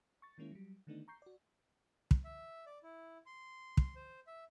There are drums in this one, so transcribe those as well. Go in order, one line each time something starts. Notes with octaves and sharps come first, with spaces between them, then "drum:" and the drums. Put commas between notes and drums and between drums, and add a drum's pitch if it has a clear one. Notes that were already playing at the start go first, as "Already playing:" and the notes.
C#6 A6
D#3 G#3 A#3 C#4 E4
F#3 G3
D3 D#3 A3 B3 D4 D#4
A#5 C#6 G6 C7
F#4 D5
drum: kick
E5
D5
E4
C6
drum: kick
C5
E5